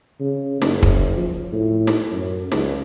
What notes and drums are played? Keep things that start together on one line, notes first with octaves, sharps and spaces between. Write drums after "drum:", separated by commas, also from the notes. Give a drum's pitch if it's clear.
C#3
F#1, drum: snare
drum: kick
F3
A2
drum: snare
F#2
C#2, drum: snare